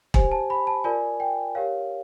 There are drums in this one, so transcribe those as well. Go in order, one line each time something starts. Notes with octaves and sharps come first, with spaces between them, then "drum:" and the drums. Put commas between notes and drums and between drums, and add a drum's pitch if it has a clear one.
G4 C5 G#5, drum: kick
A5
B5
A5
F4 A#4 D5 G#5
G5
G4 A#4 C#5 F5